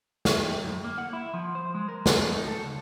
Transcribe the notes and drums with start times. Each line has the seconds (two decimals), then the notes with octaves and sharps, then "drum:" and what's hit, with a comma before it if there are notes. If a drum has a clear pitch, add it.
0.25 drum: snare
0.39 G4
0.62 F#2
0.84 A#3
0.98 F#5
1.13 E4
1.34 F3
1.55 C5
1.75 G#3
1.88 A#4
2.06 drum: snare
2.34 D#4
2.47 A4
2.63 C#2